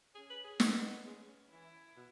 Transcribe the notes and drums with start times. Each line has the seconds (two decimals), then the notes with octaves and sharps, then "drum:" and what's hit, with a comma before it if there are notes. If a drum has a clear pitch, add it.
0.14 C#4 G#4
0.30 B4
0.44 G#4
0.60 B3, drum: snare
1.05 G#3 C#4
1.51 E3 E4
1.96 B2